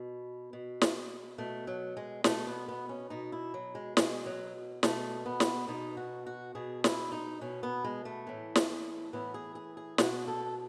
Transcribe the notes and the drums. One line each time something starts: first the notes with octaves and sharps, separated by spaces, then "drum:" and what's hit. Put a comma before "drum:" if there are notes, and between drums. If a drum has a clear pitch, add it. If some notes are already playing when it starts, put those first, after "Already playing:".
Already playing: B2
B2
drum: snare
B2 A3
F#3
G#3
B2 A3, drum: snare
B3
B3
C#4
B2 D#4
E4
F#3
G#3
B2 G#3, drum: snare
F#3
B2 A3, drum: snare
B3
drum: snare
B2 D#4
F#4
F#4
B2 G#4
E4, drum: snare
D#4
B2 C#4
B3
G#3
A3
A2 E3
drum: snare
A2 E3 B3
G#4
G#4
G#4
B2 F#4, drum: snare
A4